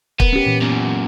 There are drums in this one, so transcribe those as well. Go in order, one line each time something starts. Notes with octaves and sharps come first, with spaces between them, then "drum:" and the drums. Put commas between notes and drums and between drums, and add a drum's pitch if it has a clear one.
B3 A#4, drum: kick
C#4 G4
A#2 E3
F#2 A#2 B3